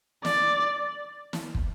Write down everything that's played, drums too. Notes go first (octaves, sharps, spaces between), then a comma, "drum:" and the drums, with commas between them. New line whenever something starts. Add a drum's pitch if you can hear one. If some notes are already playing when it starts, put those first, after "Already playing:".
D5, drum: snare
drum: snare
drum: kick